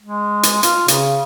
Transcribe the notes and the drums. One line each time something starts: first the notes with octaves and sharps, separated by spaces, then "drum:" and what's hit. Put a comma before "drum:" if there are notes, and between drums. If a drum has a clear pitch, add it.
G#3
drum: hi-hat
F4, drum: hi-hat
C#3, drum: hi-hat